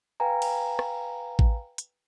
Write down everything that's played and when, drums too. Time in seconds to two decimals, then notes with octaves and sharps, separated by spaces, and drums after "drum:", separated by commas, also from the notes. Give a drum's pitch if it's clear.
0.20 B4 F5 G5 G#5 A#5
0.42 drum: cymbal
0.79 drum: rim click
1.39 drum: kick A1
1.78 drum: hi-hat